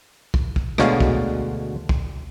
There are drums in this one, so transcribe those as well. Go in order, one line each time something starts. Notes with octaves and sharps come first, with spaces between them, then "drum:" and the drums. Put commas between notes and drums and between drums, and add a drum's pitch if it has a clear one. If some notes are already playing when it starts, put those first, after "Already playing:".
drum: kick
drum: kick
D2 B2 D3 G#3 C#5 F5, drum: rim click
drum: kick
drum: kick